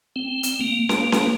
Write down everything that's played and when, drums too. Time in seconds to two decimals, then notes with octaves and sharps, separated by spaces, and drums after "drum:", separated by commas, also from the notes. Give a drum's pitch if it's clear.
0.16 C4
0.43 drum: hi-hat
0.61 A#3
0.89 A#3, drum: snare C#4
1.12 drum: snare C#4